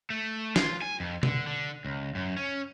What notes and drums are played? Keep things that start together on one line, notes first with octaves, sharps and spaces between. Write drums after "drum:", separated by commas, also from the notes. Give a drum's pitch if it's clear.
A3
F4, drum: snare
G#5
F2
D3, drum: tom B2
D3
C#2
F#2
C#4